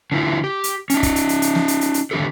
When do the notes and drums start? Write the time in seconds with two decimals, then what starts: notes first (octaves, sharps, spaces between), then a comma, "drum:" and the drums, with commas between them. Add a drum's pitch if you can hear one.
0.12 D3 E4 F4
0.44 G4
0.64 drum: hi-hat
0.90 C#4 D#4, drum: hi-hat
1.03 drum: kick, hi-hat
1.16 drum: hi-hat
1.29 drum: hi-hat
1.42 drum: hi-hat
1.55 drum: snare
1.68 drum: hi-hat
1.81 drum: hi-hat
1.94 drum: hi-hat
2.11 D3 D#3 E4 G4 A4